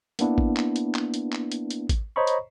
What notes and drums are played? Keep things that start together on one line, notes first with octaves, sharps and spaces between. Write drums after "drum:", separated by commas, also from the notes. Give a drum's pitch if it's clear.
A#3 B3 D4 E4, drum: hi-hat
drum: kick G#1
drum: clap
drum: hi-hat
drum: clap
drum: hi-hat
drum: clap
drum: hi-hat
drum: hi-hat
drum: kick G#1, hi-hat
C5 C#5 D#5 A#5 B5 C#6
drum: hi-hat